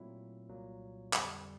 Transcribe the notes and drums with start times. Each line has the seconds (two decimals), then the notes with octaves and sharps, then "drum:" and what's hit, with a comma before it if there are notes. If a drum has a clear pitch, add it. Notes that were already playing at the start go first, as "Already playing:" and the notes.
Already playing: A#2 F#3 A3 C4 E4
0.49 C2 A#2 F#3 A#3
1.13 F2 D3 G3, drum: clap